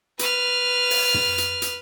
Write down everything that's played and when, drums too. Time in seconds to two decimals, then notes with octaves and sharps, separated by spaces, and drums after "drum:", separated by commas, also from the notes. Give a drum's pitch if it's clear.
0.19 B4 F6, drum: hi-hat
0.91 drum: open hi-hat
1.14 drum: tom
1.38 drum: hi-hat
1.62 drum: hi-hat